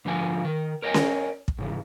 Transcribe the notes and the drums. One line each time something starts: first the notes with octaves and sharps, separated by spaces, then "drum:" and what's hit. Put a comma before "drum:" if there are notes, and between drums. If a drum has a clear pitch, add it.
G#2 D3 F3 F4 G#5
D#3 A#4
A#4 C#5 D#5 F5 G5 G#5
drum: snare C#4
drum: kick
G#2 C#3 E3